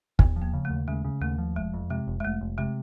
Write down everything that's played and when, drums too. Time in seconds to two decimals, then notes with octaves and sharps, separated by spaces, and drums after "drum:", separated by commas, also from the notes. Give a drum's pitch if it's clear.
0.19 D#2 B3, drum: kick
0.36 F3
0.42 A#3
0.54 C#3
0.65 A3
0.70 D#2
0.88 C#3 G#3
1.04 C#3
1.21 D#2 A3
1.38 F3
1.56 F1 G#3
1.74 F2
1.90 C3 G#3
2.07 F1
2.20 G#3
2.25 F1 A3
2.41 F1
2.58 C3 G#3